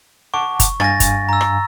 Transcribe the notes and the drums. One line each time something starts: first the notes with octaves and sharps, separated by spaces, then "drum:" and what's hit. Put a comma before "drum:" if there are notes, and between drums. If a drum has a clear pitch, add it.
F#5 A5 C#6 D6
drum: kick, hi-hat
G2 F5 G#5 A6 A#6, drum: rim click
drum: kick, hi-hat
A#5 E6
drum: rim click